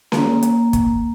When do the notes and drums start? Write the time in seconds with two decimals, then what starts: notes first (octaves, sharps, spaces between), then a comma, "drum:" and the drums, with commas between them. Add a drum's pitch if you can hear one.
0.12 A#3, drum: snare C#4
0.43 drum: hi-hat
0.73 drum: kick, hi-hat